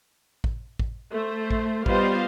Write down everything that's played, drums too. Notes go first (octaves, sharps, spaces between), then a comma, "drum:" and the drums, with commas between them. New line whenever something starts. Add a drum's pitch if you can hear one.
drum: kick A1
drum: kick A1
A3 C5
drum: kick A1
G3 B3 F4 C5 D#5 F5, drum: kick A1